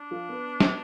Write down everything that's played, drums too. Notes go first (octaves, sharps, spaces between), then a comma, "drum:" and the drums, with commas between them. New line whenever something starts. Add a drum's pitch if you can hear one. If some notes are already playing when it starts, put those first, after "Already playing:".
Already playing: D4
F3 F4
B3 B4
drum: snare